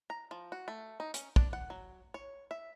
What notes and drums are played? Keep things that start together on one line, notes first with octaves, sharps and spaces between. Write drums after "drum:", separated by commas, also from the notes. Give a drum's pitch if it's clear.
A#5
F3
F#4
A3
D#4
C#4, drum: hi-hat
D4, drum: kick
F#5
F#3
C#5
E5